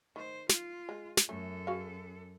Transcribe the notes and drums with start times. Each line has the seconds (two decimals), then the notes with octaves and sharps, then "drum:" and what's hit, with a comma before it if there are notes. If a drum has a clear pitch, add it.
0.16 D#3 C5
0.49 F4, drum: snare
0.89 G#3
1.17 drum: snare
1.29 F#2 A3 C#4 A4
1.67 F#4 G#4 F5